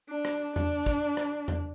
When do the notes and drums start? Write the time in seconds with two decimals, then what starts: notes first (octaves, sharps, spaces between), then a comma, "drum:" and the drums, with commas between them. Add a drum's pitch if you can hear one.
0.09 D4
0.25 drum: rim click
0.56 D4, drum: tom E2
0.86 drum: kick, hi-hat
1.17 drum: rim click
1.48 drum: tom E2